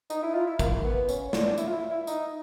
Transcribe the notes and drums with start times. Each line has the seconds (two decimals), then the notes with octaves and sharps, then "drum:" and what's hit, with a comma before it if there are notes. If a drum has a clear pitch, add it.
0.10 D#4, drum: tambourine
0.23 E4
0.35 F4
0.47 E4
0.59 A#3, drum: kick, tambourine
0.84 B3
1.09 C#4, drum: tambourine
1.33 D4, drum: snare
1.58 E4, drum: tambourine
1.68 F4
1.74 E4
1.90 E4
2.07 D#4, drum: tambourine